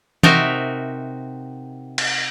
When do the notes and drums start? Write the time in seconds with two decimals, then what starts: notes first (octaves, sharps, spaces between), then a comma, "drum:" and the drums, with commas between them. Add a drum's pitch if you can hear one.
0.23 C3 D#4 F#4 A#4 E5, drum: tom E3
1.98 drum: cymbal